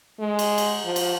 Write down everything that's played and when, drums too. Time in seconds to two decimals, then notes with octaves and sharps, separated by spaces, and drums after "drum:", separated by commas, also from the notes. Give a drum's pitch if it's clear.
0.20 G#3
0.39 drum: cymbal
0.58 drum: cymbal
0.85 F3
0.96 drum: cymbal